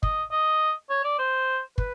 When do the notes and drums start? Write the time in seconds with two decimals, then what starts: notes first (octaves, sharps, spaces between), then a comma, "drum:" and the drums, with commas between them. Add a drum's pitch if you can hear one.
0.03 D#5, drum: kick
0.31 D#5
0.90 C#5
1.04 D5
1.19 C5
1.78 B4, drum: kick